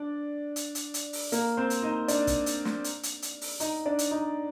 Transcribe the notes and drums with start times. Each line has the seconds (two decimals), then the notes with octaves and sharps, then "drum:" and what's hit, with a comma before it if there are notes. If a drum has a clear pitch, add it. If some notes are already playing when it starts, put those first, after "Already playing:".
Already playing: D4 D5
0.56 drum: hi-hat
0.75 drum: hi-hat
0.94 drum: hi-hat
1.13 drum: open hi-hat
1.32 A#3 A#4, drum: hi-hat
1.57 C4 C5
1.70 drum: hi-hat
1.82 D#4 D#5
2.08 D4 D5, drum: hi-hat
2.27 drum: kick, hi-hat
2.46 drum: hi-hat
2.65 drum: snare
2.84 drum: hi-hat
3.03 drum: hi-hat
3.22 drum: hi-hat
3.41 drum: open hi-hat
3.60 D#4 D#5, drum: hi-hat
3.86 D4 D5
3.99 drum: hi-hat
4.11 D#4 D#5